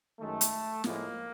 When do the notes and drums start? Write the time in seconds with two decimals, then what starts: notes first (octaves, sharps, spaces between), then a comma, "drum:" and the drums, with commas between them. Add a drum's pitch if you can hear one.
0.18 F#2 D#3 G#3 A3
0.41 drum: hi-hat
0.84 A2 F3 G#3 A#3, drum: snare